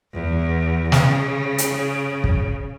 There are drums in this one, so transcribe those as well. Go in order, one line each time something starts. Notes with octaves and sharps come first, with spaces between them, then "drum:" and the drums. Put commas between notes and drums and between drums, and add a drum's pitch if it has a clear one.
E2
C#3, drum: snare
drum: hi-hat
drum: kick